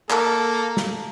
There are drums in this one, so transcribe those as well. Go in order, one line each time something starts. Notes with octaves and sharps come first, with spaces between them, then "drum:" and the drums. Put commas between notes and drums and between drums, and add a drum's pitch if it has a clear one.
A#3 A4 A#4, drum: clap
drum: snare